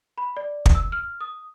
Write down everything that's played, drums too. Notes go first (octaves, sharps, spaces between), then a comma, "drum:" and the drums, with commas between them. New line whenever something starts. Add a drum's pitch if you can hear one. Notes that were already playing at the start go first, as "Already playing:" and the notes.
B5
D5
drum: kick
E6
F6
D#6